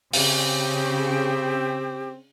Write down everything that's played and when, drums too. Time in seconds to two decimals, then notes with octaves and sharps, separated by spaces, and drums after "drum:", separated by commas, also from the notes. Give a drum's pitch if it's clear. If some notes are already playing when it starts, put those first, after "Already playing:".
0.13 C#3 C4 G4, drum: open hi-hat